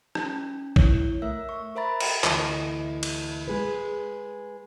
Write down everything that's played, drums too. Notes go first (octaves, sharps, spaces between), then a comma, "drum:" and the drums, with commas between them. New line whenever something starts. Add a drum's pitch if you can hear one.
C#4, drum: rim click
E4 C#5, drum: kick
A3 A#4 E5 E6
C#6
A#4 C5 E5 A#5 B5 A6
G5 A6 C#7, drum: cymbal
D2 G2 E3 D#5, drum: clap
drum: cymbal
G#3 G#4 B4